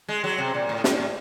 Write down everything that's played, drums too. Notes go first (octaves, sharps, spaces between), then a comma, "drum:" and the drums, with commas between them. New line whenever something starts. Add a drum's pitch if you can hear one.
G#3
F#3
C3
A#2 D5
A2
G#2, drum: snare
A2